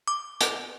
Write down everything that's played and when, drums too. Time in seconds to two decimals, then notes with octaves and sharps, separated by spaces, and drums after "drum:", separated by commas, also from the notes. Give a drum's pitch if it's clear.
0.08 D6
0.41 drum: hi-hat